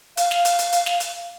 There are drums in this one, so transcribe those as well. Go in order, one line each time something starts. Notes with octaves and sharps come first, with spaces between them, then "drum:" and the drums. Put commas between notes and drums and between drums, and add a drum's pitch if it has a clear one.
F5, drum: hi-hat
drum: snare
drum: hi-hat
drum: hi-hat
drum: hi-hat
drum: snare
drum: hi-hat